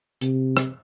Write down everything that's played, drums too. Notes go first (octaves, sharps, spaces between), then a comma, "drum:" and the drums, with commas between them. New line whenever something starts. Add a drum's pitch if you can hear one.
C3, drum: hi-hat
drum: rim click